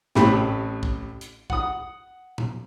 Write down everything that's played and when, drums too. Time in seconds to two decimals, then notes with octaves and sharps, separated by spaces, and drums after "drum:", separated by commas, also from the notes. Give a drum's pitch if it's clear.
0.15 A1 A2 C3 A3 G4 B5, drum: snare
0.83 drum: kick
1.21 drum: hi-hat
1.50 F#5 D#6, drum: kick
2.38 drum: tom A#2